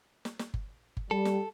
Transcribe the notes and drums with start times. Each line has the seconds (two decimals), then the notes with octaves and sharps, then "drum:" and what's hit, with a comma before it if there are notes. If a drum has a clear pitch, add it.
0.25 drum: snare
0.39 drum: snare
0.54 drum: kick G1
0.97 drum: kick G1
1.11 G3 A4
1.25 drum: snare